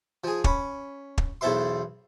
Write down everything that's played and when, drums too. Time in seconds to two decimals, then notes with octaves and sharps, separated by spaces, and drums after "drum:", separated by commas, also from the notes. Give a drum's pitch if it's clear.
0.24 F3 G#4
0.44 C#4 B5, drum: kick
1.18 drum: kick
1.41 B1 E2 A4 C5 E5 C6